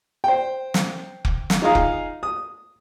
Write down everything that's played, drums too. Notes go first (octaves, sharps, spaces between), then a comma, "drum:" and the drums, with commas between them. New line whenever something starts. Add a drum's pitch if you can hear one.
C5 G5
drum: snare
drum: kick F1
drum: snare
D#4 F4 G#4 F5 A#5 D#6
drum: kick F1
D#6